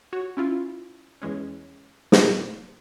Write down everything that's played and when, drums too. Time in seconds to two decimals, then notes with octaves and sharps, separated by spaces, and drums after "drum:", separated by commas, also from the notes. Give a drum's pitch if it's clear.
0.13 F#4 C#5
0.37 C#4 E4 F4
1.22 E2 E3 G#3 C#4
2.12 drum: snare
2.27 A#2